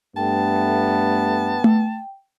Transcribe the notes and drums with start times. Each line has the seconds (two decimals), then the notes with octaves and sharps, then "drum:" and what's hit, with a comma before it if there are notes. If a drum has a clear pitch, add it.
0.16 G2 A3 B3 G5 A5
1.64 drum: tom A3